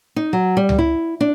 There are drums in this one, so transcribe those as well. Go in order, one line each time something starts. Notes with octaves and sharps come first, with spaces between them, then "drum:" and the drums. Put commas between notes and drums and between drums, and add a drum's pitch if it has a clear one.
D#4
F#3
G3
drum: tom C#2
E4
D4